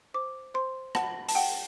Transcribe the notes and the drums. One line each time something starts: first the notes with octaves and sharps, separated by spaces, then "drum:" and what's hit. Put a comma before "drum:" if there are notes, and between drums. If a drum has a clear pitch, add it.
C5 D6
C5 C6
F#5 A5, drum: rim click
A5, drum: open hi-hat
F#5 G5